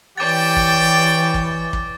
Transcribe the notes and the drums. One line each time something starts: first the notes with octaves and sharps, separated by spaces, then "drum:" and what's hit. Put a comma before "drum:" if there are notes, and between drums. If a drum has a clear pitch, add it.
E3 G4 C#5 D5 G5 D6 A6
drum: kick
drum: kick
drum: kick